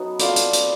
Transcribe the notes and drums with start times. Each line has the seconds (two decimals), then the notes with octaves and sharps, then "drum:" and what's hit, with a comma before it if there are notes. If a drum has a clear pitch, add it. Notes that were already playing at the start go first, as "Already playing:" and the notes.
Already playing: F#3 A3 B3 C#4 D#4
0.19 D4 F4 A4 D5, drum: hi-hat
0.36 drum: hi-hat
0.53 drum: hi-hat